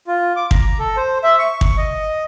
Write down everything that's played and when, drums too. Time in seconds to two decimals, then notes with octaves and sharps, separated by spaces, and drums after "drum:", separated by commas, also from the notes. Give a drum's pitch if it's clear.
0.07 F4
0.36 D6
0.51 A#5, drum: kick
0.79 A4
0.97 C5
1.24 E5
1.39 C#6
1.61 drum: kick
1.78 D#5